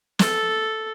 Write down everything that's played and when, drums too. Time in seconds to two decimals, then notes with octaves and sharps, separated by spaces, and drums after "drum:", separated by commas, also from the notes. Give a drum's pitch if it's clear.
0.19 A4, drum: snare